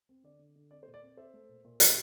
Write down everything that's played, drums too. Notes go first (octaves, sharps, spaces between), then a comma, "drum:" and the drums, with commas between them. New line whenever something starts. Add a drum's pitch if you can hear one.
C4
D3 D5
D3
D3
C4 D5
C5
A#2
D5
C4
C4 C5 E5
A3
A#2
A#2
A#2, drum: hi-hat